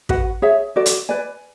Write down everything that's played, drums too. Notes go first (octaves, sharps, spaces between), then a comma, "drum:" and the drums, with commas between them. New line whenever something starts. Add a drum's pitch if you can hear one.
F#4 B4 F#5, drum: kick
G#4 C#5 E5
F#4 A4 D5
drum: hi-hat
B4 D5 G#5